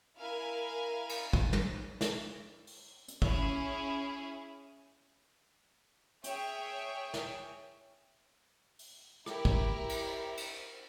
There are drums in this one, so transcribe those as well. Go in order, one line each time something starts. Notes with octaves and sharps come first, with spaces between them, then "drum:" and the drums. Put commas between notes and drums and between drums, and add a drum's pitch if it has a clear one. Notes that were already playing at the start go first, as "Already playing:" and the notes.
E4 A#4 F5 G#5
drum: cymbal
drum: kick
drum: tom
drum: snare
drum: open hi-hat
drum: hi-hat
C#4 E4 G#4, drum: kick
G#4 C#5 E5 G5, drum: hi-hat
drum: snare
drum: open hi-hat
E4 G4 A#4, drum: rim click
drum: kick
drum: cymbal
drum: cymbal